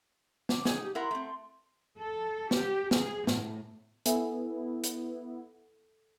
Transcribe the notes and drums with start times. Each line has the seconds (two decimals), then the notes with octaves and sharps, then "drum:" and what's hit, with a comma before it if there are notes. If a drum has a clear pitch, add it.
0.49 D6, drum: snare
0.65 D#4 G#4 G#5, drum: snare
0.81 G4
0.95 E4 A#4 F#5 C6
1.11 A3 C4
1.97 A4
2.51 G4, drum: snare
2.91 G#4, drum: snare
3.27 A2, drum: snare
4.06 B3 E4 A4 E5 G#5, drum: hi-hat
4.84 drum: hi-hat